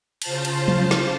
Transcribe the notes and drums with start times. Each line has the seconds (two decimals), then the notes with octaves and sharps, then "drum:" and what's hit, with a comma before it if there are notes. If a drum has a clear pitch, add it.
0.22 C#3 F4 C5 A5, drum: cymbal
0.45 drum: cymbal
0.68 drum: tom
0.91 drum: snare